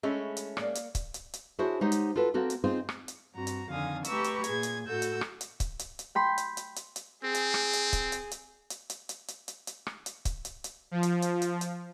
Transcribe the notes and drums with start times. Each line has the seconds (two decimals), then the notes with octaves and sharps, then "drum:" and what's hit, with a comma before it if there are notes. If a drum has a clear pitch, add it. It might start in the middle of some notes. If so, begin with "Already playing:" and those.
0.03 G#3 A3 C#4 E4
0.37 drum: hi-hat
0.57 A#3 D5, drum: rim click
0.75 drum: hi-hat
0.95 drum: kick C#1, hi-hat
1.14 drum: hi-hat
1.33 drum: hi-hat
1.59 D4 E4 F#4 G#4 C5 C#5
1.81 G#3 D#4 G4 C5 C#5 F#5
1.92 drum: hi-hat
2.16 F4 F#4 A4 B4
2.34 A#3 C4 F#4 A4
2.50 drum: hi-hat
2.64 C4 D#4 F4 G#4 C5
2.89 drum: rim click
3.08 drum: hi-hat
3.34 G2 C4 F#4 A#5
3.47 drum: hi-hat
3.69 F2 D3 D#3 F5 G#5 D#6
4.04 A3 G4 B4 A#5 C#6 E6, drum: hi-hat
4.24 drum: hi-hat
4.44 A#2 G#4 G#6, drum: hi-hat
4.63 drum: hi-hat
4.87 A2 F#4 A4 E6 G6
5.02 drum: hi-hat
5.21 drum: rim click
5.41 drum: hi-hat
5.60 drum: kick C#1, hi-hat
5.79 drum: hi-hat
5.99 drum: hi-hat
6.15 G5 B5 C6
6.38 drum: hi-hat
6.57 drum: hi-hat
6.76 drum: hi-hat
6.96 drum: hi-hat
7.24 C4 G#4
7.35 drum: hi-hat
7.54 drum: rim click
7.73 drum: hi-hat
7.93 drum: kick C#1, hi-hat
8.12 drum: hi-hat
8.31 drum: hi-hat
8.70 drum: hi-hat
8.90 drum: hi-hat
9.09 drum: hi-hat
9.28 drum: hi-hat
9.48 drum: hi-hat
9.67 drum: hi-hat
9.87 drum: rim click
10.06 drum: hi-hat
10.25 drum: kick C#1, hi-hat
10.45 drum: hi-hat
10.64 drum: hi-hat
10.91 F3
11.03 drum: hi-hat
11.22 drum: hi-hat
11.42 drum: hi-hat
11.61 drum: hi-hat